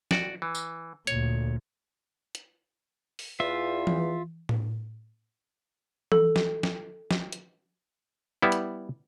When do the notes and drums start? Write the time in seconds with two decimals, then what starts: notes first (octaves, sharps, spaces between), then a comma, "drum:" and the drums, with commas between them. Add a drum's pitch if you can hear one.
0.11 F#4 D5, drum: snare
0.42 E3
0.55 drum: tambourine
1.07 D2 A#2 C#5, drum: hi-hat
2.35 drum: hi-hat
3.19 drum: open hi-hat
3.40 E2 F4 E5
3.87 drum: tom E3
4.49 drum: tom A2
6.12 A4, drum: tom E3
6.36 drum: snare
6.63 drum: snare
7.11 drum: snare
7.32 drum: hi-hat
8.42 G3 B3 E4
8.52 drum: hi-hat